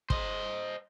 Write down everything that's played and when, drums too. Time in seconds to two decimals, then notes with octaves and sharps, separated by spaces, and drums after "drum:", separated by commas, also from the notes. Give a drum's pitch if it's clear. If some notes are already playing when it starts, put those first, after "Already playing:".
0.10 C5 D#5, drum: kick